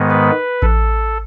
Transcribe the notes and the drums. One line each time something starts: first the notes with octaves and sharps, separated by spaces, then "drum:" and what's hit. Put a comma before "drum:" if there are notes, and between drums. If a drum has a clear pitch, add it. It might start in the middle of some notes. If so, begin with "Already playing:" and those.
Already playing: G#2 D#3 G#3 B3
B4
A4, drum: kick A1